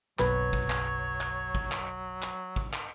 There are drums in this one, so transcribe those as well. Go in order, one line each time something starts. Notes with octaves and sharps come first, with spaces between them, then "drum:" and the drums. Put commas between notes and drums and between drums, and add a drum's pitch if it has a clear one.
F#1 B1 F#3 B4 C#5, drum: clap
drum: kick
drum: clap
drum: clap
drum: kick
drum: clap
drum: clap
drum: kick
drum: clap